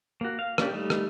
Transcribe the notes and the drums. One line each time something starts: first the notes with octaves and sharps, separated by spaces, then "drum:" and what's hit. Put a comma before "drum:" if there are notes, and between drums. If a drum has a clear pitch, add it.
A#3 F#4
F5
A#3 C#4 D4 G4, drum: rim click
G3 A3 D#4
drum: rim click